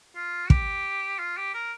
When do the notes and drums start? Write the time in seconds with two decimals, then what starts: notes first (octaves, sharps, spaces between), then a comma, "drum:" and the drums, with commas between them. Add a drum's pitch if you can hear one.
0.15 F4
0.50 G4, drum: kick
1.19 F4
1.37 G4
1.54 A#4